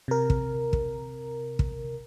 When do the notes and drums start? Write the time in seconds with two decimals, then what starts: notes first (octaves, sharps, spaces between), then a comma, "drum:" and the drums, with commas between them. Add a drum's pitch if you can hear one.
0.08 C3 A#4
0.30 drum: kick
0.73 drum: kick
1.59 drum: kick